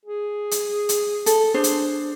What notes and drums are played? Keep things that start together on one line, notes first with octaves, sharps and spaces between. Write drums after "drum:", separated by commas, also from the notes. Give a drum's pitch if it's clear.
G#4
drum: hi-hat
drum: hi-hat
A4, drum: hi-hat
D4 G#4 C5
drum: hi-hat